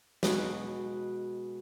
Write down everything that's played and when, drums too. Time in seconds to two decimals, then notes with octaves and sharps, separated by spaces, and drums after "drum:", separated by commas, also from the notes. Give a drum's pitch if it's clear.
0.23 B2 G#3 F#4, drum: snare